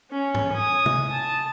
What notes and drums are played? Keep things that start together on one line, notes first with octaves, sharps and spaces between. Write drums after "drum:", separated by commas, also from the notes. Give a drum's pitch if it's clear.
C#4
drum: tom G#2
G#5 D#6
drum: tom
A5